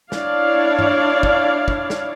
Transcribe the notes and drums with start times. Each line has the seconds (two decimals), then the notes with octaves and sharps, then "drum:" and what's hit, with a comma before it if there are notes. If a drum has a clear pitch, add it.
0.12 D4 E4 C#5 D5 F5, drum: snare
0.79 drum: tom G2
1.23 drum: kick
1.68 drum: kick
1.90 drum: snare